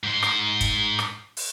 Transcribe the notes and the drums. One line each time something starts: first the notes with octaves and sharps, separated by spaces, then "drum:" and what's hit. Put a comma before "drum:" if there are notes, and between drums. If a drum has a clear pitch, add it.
G#2 C5
drum: rim click
drum: kick, hi-hat
drum: rim click
drum: open hi-hat